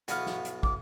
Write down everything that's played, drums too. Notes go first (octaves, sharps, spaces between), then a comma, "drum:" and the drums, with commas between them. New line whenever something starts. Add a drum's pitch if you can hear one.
B1 E3 B3 F#4 F5, drum: hi-hat
drum: snare
drum: hi-hat
D6, drum: kick